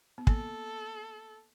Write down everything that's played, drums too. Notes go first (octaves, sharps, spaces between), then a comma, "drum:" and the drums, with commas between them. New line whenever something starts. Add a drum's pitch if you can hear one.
B3
A#3 A4, drum: kick